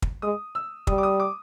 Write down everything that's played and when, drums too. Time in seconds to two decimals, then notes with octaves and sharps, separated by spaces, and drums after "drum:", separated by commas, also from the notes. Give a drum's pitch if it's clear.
0.02 drum: kick
0.22 G#3 D#6
0.55 E6
0.87 G3 D#6, drum: kick
0.98 D6
1.03 D#6
1.20 D6